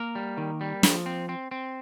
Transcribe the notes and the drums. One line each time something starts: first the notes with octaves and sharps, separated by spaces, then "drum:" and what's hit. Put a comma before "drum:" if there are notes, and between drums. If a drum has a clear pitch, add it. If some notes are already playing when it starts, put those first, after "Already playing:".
Already playing: A#3 A#4
G3
D#3
G3
F3, drum: snare
C4
C4
C4